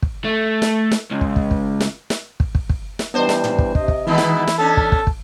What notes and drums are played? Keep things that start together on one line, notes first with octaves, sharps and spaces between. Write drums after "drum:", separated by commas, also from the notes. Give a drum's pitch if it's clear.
drum: kick
A3
drum: snare
drum: snare
C#2
drum: kick
drum: kick
drum: kick
drum: snare
drum: snare
drum: kick
drum: kick
drum: kick
drum: snare
E3 G3 B3 D4 C5
drum: snare
drum: tom
drum: kick
C3 D#5, drum: kick
drum: kick
B2 D#3 E3 G#3 B3 D#4 E4
drum: snare
drum: snare
B3 C#4 D4 A4 A5
drum: kick
drum: kick
drum: kick